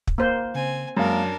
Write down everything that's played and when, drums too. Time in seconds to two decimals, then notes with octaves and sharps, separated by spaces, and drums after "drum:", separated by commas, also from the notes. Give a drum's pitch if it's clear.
0.07 drum: kick
0.18 A#3 C5
0.55 C#3 C4 G#5
0.97 F#2 G#3 A#3 D4 A#4 F5